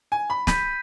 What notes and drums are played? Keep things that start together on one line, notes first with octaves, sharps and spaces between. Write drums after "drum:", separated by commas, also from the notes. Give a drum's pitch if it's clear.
G#5
B5
B5 G6 B6 D#7, drum: snare